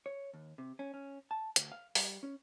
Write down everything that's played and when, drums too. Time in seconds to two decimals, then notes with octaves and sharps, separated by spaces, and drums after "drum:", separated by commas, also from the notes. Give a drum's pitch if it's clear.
0.06 C#5
0.34 D#2
0.58 C3
0.79 C#4
0.94 C#4
1.31 A5
1.56 D2, drum: hi-hat
1.72 F5
1.95 G3, drum: open hi-hat
2.23 C#4